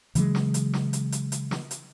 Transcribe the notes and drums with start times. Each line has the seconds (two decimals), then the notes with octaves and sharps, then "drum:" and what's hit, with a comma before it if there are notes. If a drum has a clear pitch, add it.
0.15 C#3 E3 F#3 G#3, drum: hi-hat
0.35 drum: snare
0.54 drum: hi-hat
0.73 drum: snare
0.93 drum: hi-hat
1.12 drum: hi-hat
1.32 drum: hi-hat
1.51 drum: snare
1.71 drum: hi-hat